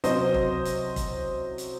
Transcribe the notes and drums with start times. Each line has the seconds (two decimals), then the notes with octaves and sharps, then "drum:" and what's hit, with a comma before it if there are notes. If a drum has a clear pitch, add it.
0.04 C3 F#3 C#4 C5 D#5, drum: hi-hat
0.34 drum: kick
0.65 drum: hi-hat
0.96 drum: kick, hi-hat
1.58 drum: hi-hat